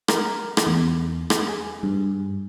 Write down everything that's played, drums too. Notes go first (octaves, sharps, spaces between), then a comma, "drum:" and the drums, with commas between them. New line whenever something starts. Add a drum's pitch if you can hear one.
A#4, drum: rim click
drum: rim click
E2
drum: rim click
G#4
G2